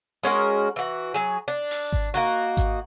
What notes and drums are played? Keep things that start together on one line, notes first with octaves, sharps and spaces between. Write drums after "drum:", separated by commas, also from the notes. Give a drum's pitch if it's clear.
G#3 C#4 F#4 A#4
E3 F#4
F#3 G#4
D4
drum: open hi-hat
drum: kick G#1
A#3 D#4 F#4
drum: kick G#1, hi-hat